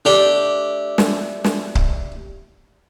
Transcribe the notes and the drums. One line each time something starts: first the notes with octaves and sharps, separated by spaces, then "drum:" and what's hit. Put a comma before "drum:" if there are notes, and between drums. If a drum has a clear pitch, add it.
A3 D4 G4
drum: snare
drum: snare
drum: kick C#1